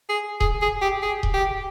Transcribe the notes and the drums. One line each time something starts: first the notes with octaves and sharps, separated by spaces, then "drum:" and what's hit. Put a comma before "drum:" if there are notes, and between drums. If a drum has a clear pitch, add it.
G#4
G#4, drum: kick D#1
G#4
G4
G#4
drum: kick D#1
G4